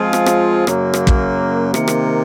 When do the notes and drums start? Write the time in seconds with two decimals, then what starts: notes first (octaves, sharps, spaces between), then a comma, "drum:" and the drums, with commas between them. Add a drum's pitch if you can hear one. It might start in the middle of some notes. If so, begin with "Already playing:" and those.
Already playing: F3 G#3 C4 F4 G#4
0.13 drum: rim click
0.26 drum: rim click
0.67 F#2 C#3 F#3 A#3, drum: rim click
0.94 drum: rim click
1.07 drum: kick
1.74 C3 D#3 A#3, drum: rim click
1.88 drum: rim click